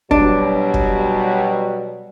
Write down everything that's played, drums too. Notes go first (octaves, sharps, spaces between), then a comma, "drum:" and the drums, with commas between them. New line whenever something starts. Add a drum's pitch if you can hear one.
B2 F#3 G3 D4, drum: kick
drum: kick